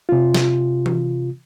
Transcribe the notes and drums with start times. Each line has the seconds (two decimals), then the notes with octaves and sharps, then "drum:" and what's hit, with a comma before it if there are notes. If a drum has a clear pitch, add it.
0.09 C3 F4
0.34 drum: snare
0.86 drum: tom E3